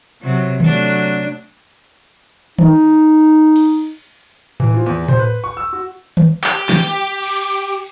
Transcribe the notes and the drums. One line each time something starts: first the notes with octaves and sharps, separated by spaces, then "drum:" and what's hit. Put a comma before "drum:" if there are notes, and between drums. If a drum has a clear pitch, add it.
C3 F#3
F#3 A3 D4, drum: tom D#3
D#4, drum: tom D#3
drum: cymbal
E3, drum: tom A2
F3
E2
C5, drum: tom A2
B4
C#6
E6
F#4
drum: tom D#3
G4, drum: clap
drum: snare
drum: cymbal